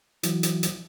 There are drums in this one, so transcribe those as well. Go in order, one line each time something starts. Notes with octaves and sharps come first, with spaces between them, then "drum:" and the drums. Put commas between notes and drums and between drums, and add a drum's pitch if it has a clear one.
E3 F#3, drum: hi-hat
drum: hi-hat
drum: hi-hat